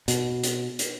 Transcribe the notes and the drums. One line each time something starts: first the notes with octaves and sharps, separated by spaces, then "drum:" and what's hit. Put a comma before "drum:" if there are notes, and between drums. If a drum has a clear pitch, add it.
B2, drum: hi-hat
drum: hi-hat
drum: hi-hat